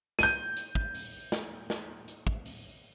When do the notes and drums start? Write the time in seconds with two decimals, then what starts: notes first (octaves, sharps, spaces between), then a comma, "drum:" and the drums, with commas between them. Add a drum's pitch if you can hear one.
0.19 G6 D#7, drum: snare
0.56 drum: hi-hat
0.75 drum: kick
0.94 drum: open hi-hat
1.32 drum: snare
1.70 drum: snare
2.08 drum: hi-hat
2.27 drum: kick
2.46 drum: open hi-hat